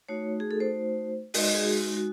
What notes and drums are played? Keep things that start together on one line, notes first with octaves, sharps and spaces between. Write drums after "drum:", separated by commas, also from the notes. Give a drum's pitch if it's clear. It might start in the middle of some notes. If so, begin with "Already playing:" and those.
A3 D#4 F#4 C#5
G#4
A4
C5
G#3 D#4 F#4 D#5, drum: open hi-hat
D#5
G#4
F#4
F#4